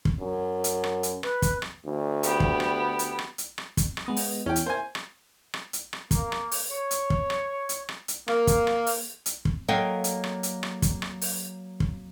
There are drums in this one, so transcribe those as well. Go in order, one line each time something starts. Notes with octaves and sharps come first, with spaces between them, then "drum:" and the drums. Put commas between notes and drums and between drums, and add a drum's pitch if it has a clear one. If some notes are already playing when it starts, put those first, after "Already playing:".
drum: kick
F#2
drum: hi-hat
drum: rim click
drum: hi-hat
B4, drum: rim click
drum: kick, hi-hat
drum: rim click
D2
B3 G4, drum: hi-hat
drum: kick
drum: rim click
drum: hi-hat
drum: rim click
drum: hi-hat
drum: rim click
drum: kick, hi-hat
drum: rim click
G#3 B3 D#5
drum: open hi-hat
E2 C#4 G5
drum: hi-hat
A#3 E4 C5 G#5
drum: rim click
drum: rim click
drum: hi-hat
drum: rim click
A#3, drum: kick, hi-hat
drum: rim click
drum: open hi-hat
C#5
drum: hi-hat
drum: kick
drum: rim click
drum: hi-hat
drum: rim click
drum: hi-hat
A#3, drum: rim click
drum: kick, hi-hat
drum: rim click
drum: open hi-hat
drum: hi-hat
drum: kick
F#3 A#3 A4 D#5 F5 G5
drum: hi-hat
drum: rim click
drum: hi-hat
drum: rim click
drum: kick, hi-hat
drum: rim click
drum: open hi-hat
drum: kick